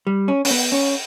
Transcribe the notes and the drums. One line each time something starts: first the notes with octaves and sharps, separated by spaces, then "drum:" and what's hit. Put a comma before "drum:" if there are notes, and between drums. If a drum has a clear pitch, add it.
G3
C#4
C#4, drum: open hi-hat
B3
C#4